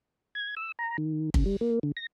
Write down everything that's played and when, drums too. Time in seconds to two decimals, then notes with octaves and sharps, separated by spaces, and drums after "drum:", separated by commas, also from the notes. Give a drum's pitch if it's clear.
0.35 G#6
0.57 E6
0.79 A#5
0.98 D#3
1.34 C#3, drum: kick
1.46 G3
1.61 A#3
1.83 D3
1.97 A#6